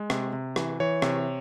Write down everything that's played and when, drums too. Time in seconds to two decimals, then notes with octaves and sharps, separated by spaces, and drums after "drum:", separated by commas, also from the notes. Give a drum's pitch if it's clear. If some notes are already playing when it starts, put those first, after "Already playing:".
Already playing: G#3
0.10 C3, drum: rim click
0.33 C3
0.56 E3, drum: rim click
0.80 E3 C#5
1.02 C3, drum: rim click